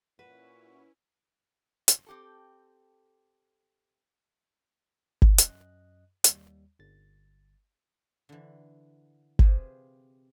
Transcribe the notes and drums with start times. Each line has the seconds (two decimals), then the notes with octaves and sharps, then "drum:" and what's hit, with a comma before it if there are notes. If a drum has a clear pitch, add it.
0.19 A#2 C#4 E4 F#4 B4
1.88 drum: hi-hat
2.07 C4 G4 A4
5.22 drum: kick G1
5.38 F#2 D#5 F#6, drum: hi-hat
6.24 D#2 G3, drum: hi-hat
6.79 G1 A6
8.29 D3 E3
9.39 C3 F4 G#4 B4 C5, drum: kick G1